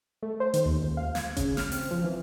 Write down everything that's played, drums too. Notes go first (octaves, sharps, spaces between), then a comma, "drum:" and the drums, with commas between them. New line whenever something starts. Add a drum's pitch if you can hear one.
A3
C5
D#3, drum: hi-hat
D#2
C#2
F5
G#6, drum: snare
C#3, drum: kick G1, hi-hat
F6, drum: snare
C4, drum: open hi-hat
F3
E3